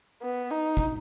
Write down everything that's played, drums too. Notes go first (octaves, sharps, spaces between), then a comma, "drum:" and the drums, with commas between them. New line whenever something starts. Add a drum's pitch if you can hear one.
B3
D#4
drum: kick